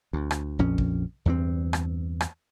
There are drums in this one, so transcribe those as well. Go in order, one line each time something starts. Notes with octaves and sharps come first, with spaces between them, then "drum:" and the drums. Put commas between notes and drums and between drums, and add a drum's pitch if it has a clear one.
D2
drum: rim click
A#1 F2 C#4
drum: kick
E2 G2 B3 C4
drum: rim click
drum: rim click